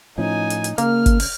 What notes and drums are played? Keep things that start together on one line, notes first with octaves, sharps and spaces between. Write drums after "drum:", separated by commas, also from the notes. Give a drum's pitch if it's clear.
A2 F3 C#4 D#4 G#5
drum: hi-hat
drum: hi-hat
C#3 A#3 F6, drum: hi-hat
drum: kick G1, hi-hat
drum: open hi-hat